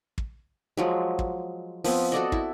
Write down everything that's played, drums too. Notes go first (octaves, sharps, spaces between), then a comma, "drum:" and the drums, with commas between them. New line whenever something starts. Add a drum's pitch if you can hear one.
drum: kick
F3 F#3 G#3
drum: kick
F3 B3 C4, drum: open hi-hat
F#4 A4 D5 D#5
E4, drum: kick